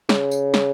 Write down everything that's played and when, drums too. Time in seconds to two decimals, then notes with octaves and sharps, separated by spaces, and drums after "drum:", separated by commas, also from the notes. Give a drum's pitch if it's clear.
0.09 C#3, drum: snare
0.31 drum: tambourine
0.54 drum: snare